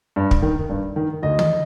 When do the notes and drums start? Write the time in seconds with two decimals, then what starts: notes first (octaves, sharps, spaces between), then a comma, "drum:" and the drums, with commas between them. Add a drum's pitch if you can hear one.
0.16 G2
0.31 drum: kick
0.42 D#3
0.69 G2
0.96 D#3
1.23 D2 D#5
1.39 drum: tom